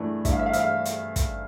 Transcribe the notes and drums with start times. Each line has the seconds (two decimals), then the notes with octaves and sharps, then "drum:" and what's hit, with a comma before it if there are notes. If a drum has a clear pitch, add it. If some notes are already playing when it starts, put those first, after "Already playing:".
Already playing: G2 E3 A3 D4
0.25 G2 E5, drum: kick, hi-hat
0.32 F5
0.39 E5
0.46 F5
0.53 E5, drum: hi-hat
0.60 F5
0.86 drum: hi-hat
1.16 drum: kick, hi-hat